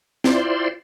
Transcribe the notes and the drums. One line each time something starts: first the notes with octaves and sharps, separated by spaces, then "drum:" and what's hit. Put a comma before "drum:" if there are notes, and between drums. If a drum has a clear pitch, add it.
E4 F4 C5 D5 G5 C6, drum: snare